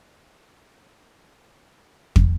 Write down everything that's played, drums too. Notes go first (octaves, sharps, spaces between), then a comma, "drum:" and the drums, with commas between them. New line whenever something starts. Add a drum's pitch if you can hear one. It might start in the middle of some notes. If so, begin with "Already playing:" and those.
F#4
A#4
G#4
F#4
F4
D#4
D#4
F4
F#4
G#4
drum: kick